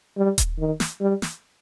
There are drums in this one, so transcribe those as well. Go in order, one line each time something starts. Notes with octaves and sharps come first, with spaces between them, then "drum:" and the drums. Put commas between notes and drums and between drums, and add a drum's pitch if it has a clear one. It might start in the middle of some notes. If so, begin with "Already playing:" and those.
G3
drum: kick D#1, hi-hat
D#3
drum: snare
G3
drum: snare